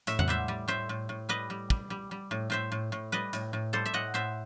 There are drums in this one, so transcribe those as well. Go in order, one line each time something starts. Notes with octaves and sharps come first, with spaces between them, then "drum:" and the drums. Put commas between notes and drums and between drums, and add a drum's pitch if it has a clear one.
A2 E5, drum: hi-hat
F#5, drum: tom E2
G3 C5 E5
G3
A2 C5 E5
A2
A2
G3 B4 D#5
G3
G3, drum: kick
G3
G3
A2
A2 C5 E5
A2
A2
G3 B4 D#5
A2, drum: hi-hat
A2
G3 A4 C5
E5
A2 D#5 F#5
A2 C5 E5